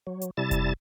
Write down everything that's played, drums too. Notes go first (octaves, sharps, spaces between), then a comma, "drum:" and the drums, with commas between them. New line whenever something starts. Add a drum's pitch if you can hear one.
F#3
drum: hi-hat
C3 G3 E4 A5 A6
drum: kick F1, hi-hat